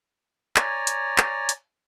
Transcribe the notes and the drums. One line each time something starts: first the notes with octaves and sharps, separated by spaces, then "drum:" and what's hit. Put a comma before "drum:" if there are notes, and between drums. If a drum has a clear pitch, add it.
C#5 D5 G#5 A#5, drum: clap
drum: hi-hat
drum: clap
drum: hi-hat